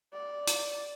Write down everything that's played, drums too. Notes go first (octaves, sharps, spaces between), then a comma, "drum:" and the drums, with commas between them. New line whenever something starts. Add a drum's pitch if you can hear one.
D5
drum: hi-hat